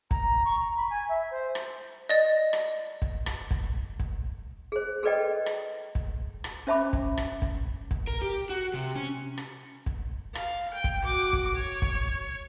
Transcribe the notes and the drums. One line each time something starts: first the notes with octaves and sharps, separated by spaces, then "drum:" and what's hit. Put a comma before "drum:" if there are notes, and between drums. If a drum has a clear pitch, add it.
A#5, drum: kick
C#6
A#5
B5
G#5
E5
C5
drum: rim click
D5 D#5
drum: rim click
drum: kick
drum: rim click
drum: kick
drum: kick
G#4 C5
G#4 A4 B4 D5 D#5 G5
drum: rim click
drum: kick
drum: rim click
C#4 C5 E5 A5 B5 D6
drum: kick
drum: rim click
drum: kick
drum: kick
A#4
G4
F#4
C3
C#4
drum: rim click
drum: kick
F5, drum: rim click
G5
drum: kick
F#4 D6
drum: kick
C#5
drum: kick